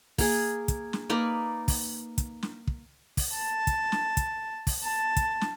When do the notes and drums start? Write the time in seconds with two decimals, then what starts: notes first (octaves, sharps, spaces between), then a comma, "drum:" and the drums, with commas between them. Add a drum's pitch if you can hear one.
0.18 A#3 G#4, drum: kick, open hi-hat
0.68 drum: kick, hi-hat
0.93 drum: snare
1.10 A#3 D#4 B4 D5
1.68 drum: kick, open hi-hat
2.18 drum: kick, hi-hat
2.43 drum: snare
2.67 drum: kick
3.17 drum: kick, open hi-hat
3.33 A5
3.67 drum: kick, hi-hat
3.92 drum: snare
4.17 drum: kick, hi-hat
4.67 drum: kick, open hi-hat
4.83 A5
5.16 drum: kick, hi-hat
5.41 drum: snare